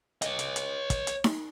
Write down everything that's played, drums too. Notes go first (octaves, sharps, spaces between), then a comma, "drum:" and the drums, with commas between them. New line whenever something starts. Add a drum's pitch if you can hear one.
C#5 D#5, drum: hi-hat
drum: hi-hat
drum: hi-hat
drum: kick, hi-hat
drum: hi-hat
drum: snare D#4